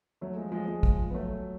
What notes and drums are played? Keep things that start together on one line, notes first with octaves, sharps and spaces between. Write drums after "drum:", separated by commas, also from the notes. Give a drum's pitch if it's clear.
F#3 A3
F3 G#3
F3 G#3
F3 G#3
drum: kick
B3
F#3 A3